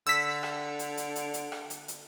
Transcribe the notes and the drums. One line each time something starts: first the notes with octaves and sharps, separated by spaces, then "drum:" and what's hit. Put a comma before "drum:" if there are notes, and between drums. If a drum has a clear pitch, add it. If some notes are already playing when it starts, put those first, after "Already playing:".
D3 E6 B6
drum: rim click
drum: hi-hat
drum: hi-hat
drum: hi-hat
drum: hi-hat
drum: rim click
drum: hi-hat
drum: hi-hat